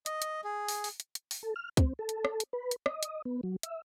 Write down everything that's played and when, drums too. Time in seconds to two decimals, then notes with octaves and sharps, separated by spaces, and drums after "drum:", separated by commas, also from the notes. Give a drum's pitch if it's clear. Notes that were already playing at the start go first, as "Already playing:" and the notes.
0.06 D#5, drum: hi-hat
0.22 drum: hi-hat
0.44 G#4
0.68 drum: open hi-hat
0.84 drum: open hi-hat
1.00 drum: hi-hat
1.15 drum: hi-hat
1.31 drum: open hi-hat
1.43 A4
1.56 F6
1.77 C4, drum: kick C#2, hi-hat
1.99 A4
2.09 drum: hi-hat
2.25 drum: rim click
2.40 drum: hi-hat
2.53 B4
2.71 drum: hi-hat
2.86 D#5, drum: rim click
3.03 drum: hi-hat
3.25 B3
3.43 F#3
3.63 E5, drum: hi-hat